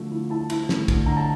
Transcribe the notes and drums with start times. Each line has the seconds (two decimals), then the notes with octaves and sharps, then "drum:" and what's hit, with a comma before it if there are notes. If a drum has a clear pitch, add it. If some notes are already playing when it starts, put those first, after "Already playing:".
Already playing: D3 F3 A3
0.11 E4
0.30 E4 A5
0.50 E4, drum: cymbal
0.69 A3, drum: snare
0.88 D3, drum: kick, cymbal
1.06 D3 A#5
1.16 A5